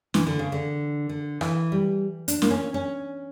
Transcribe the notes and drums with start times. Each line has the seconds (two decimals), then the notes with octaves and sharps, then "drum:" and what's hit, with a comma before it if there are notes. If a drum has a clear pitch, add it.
0.14 E3, drum: snare
0.27 D3
0.39 C#3
0.52 D3
1.09 D3
1.41 E3, drum: rim click
1.72 G3
2.28 D4, drum: hi-hat
2.42 A#3, drum: snare
2.50 C#4
2.74 C#4